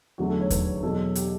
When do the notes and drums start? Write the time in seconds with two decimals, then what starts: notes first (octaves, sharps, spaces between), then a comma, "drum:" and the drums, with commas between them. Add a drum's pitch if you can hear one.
0.18 E2 D3 F#3 A3 F#4
0.29 A4
0.40 C#5
0.50 B4, drum: kick D#2, hi-hat
0.83 E2 B2 F#3 A4
1.15 G4, drum: hi-hat